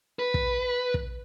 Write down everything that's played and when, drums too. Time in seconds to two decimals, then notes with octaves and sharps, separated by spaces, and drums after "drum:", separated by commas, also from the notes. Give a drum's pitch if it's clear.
0.19 B4
0.34 drum: kick
0.94 drum: kick